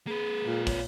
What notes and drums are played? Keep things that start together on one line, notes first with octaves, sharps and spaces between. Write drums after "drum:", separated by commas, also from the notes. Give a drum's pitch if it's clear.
A#3 G#4 B4
A#2
C#5, drum: kick, open hi-hat